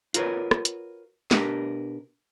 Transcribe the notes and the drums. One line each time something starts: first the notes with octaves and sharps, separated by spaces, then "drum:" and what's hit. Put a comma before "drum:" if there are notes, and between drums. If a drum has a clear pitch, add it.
F4 F#4 A#4 B4 C#5, drum: hi-hat
drum: rim click
drum: hi-hat
B2 D4 G4 A#4, drum: snare